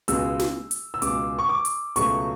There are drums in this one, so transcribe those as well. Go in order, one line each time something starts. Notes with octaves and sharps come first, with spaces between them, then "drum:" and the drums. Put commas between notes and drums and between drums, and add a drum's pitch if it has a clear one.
C#2 B2 G#3 E6, drum: hi-hat
drum: snare
drum: hi-hat
E6
C#2 B2 G#3 D6, drum: hi-hat
C#6
D6
drum: hi-hat
C#2 B2 F#3 A3 C#6, drum: hi-hat